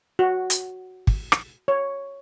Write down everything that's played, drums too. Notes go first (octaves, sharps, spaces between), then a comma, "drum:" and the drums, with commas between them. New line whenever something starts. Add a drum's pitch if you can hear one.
F#4
drum: hi-hat
drum: kick
drum: rim click
C#5